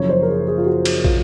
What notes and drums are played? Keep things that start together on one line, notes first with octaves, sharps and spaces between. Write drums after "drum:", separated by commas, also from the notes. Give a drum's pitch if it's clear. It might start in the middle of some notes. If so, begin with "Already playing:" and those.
Already playing: F#1 F#2 F3 C#5
C5
A#4
G#4
G#4
F4
F#4
drum: cymbal
F4, drum: kick